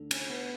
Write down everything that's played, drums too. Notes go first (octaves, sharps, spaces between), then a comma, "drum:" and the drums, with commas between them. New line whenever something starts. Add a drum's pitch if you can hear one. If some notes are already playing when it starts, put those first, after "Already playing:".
Already playing: D2 D3
C#4, drum: cymbal
B3